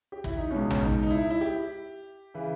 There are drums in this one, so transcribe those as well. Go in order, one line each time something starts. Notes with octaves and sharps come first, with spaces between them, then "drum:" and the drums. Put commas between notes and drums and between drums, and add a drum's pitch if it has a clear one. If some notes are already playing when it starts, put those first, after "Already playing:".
G4
E4, drum: kick
D#4
C#2 B2 C#4
C#4, drum: tom A#1
D#4
D#4
E4
E4
G4
C#3 E3